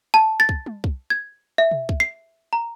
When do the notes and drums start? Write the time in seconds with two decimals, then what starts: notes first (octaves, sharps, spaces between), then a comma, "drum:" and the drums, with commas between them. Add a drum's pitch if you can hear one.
0.14 A5
0.40 A6
0.49 drum: kick
0.66 drum: tom G3
0.84 drum: kick
1.10 G#6
1.58 E5
1.71 drum: tom B2
1.89 drum: kick
2.00 C7
2.53 A#5